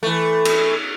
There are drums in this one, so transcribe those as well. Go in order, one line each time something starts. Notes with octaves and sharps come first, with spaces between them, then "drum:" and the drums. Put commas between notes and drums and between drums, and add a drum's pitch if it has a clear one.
E3 A3
drum: cymbal